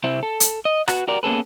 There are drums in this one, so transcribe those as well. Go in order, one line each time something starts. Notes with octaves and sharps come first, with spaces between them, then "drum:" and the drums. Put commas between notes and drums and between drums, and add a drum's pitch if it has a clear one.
C3 C4 E4
A4
drum: hi-hat
D#5
F#4 B4 F#5, drum: rim click
F#4 G4 A#4 D5
A#3 B3 C#4 G#4 A4 B4